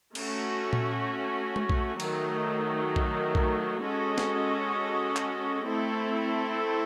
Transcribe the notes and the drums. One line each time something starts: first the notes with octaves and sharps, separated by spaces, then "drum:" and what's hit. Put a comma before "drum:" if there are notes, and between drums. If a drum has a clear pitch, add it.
A3 C#4 F#4, drum: cymbal
drum: tom A#2
drum: tom G#3
drum: kick A#1
D#3 F#3 A3 D#4, drum: cymbal
drum: kick A#1
drum: kick A#1
G#3 C#4 F#4 A4 D#5
drum: snare
drum: clap
A3 C4 E4 A4